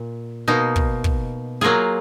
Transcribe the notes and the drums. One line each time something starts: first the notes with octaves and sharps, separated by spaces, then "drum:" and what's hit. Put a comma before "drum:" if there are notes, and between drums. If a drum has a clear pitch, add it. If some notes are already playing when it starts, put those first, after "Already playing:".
Already playing: A#2
B2 A#3 D#4
drum: kick
drum: kick
F#3 A#3 F4 G#4